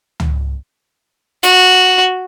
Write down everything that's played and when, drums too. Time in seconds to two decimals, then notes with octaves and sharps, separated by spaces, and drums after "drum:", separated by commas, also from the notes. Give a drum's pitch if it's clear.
0.20 drum: tom C#2
1.43 F#4, drum: hi-hat